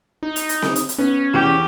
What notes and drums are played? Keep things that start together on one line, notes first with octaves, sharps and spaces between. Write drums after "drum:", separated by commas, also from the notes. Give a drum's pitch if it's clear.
D#4
drum: hi-hat
drum: hi-hat
drum: snare C4
drum: hi-hat
drum: hi-hat
B3 C#4
E2 G4 G5